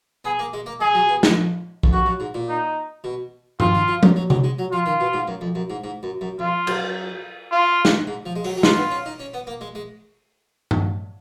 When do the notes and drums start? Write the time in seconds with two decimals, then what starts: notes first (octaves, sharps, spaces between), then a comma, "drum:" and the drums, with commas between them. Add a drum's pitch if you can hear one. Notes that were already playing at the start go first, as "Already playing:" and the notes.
0.25 B3 G#4
0.39 A#3
0.53 G#3
0.66 A#3
0.81 G#3 G#4
0.95 F#3
1.09 B2
1.23 F2, drum: snare
1.83 F2, drum: kick
1.93 F#2 F#4
2.06 F#2
2.20 G#2
2.35 A#2
2.48 D#4
3.04 B2
3.60 F3 F4, drum: tom G2
3.75 D#3
3.88 F3
4.03 F#3, drum: tom F3
4.16 F#3
4.30 F#3, drum: tom C3
4.44 G#3
4.59 F#3
4.72 F3 F4
4.86 D#3
5.00 B2
5.13 G#2
5.28 F#2
5.41 F2
5.55 F#2
5.70 G#2
5.84 G#2
6.03 F#2
6.21 F#2
6.39 F2 F4
6.67 F#2, drum: cymbal
7.51 F4
7.85 drum: snare
8.07 G#2
8.26 F3
8.36 G#3
8.44 F#3, drum: open hi-hat
8.57 F#3
8.63 G#3 F4, drum: snare
8.77 B3
8.91 C#4
9.06 D#4
9.20 C#4
9.34 B3
9.47 A#3
9.61 G#3
9.75 G#3
10.71 drum: tom G2